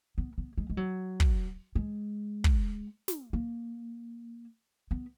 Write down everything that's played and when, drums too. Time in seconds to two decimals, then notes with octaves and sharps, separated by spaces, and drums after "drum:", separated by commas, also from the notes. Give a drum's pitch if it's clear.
0.18 B3
0.38 B3
0.58 G#3
0.70 G#3
0.77 F#3
1.20 drum: kick
1.75 G#3
2.44 drum: kick
3.08 drum: snare
3.33 A#3
4.91 B3